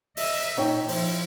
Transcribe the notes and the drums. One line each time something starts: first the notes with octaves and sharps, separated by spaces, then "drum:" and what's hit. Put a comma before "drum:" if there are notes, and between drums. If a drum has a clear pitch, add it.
D#5 E5, drum: open hi-hat
A#2 D#4 C#5 G5
F3 E4 C5, drum: open hi-hat